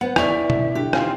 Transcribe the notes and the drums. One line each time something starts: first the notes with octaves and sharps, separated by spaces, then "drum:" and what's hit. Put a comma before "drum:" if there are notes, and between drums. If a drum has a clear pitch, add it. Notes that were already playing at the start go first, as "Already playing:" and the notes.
B3 C5 F#5
E4 D5 E5 C#6 F7, drum: rim click
drum: tom B2
D3 G4
C4 D#4 F4 G#5, drum: rim click